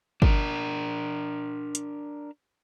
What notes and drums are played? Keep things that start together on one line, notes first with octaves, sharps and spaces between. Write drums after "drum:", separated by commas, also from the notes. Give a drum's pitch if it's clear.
D4 A#4, drum: kick
drum: hi-hat